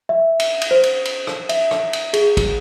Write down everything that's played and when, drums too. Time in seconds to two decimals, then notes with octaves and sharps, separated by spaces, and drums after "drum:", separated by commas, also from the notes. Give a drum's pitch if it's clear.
0.09 E5
0.40 drum: cymbal
0.61 drum: cymbal
0.71 C5
0.83 drum: cymbal
1.05 drum: cymbal
1.27 drum: rim click
1.49 E5, drum: cymbal
1.71 drum: rim click
1.93 drum: cymbal
2.13 G#4, drum: cymbal
2.37 drum: kick, cymbal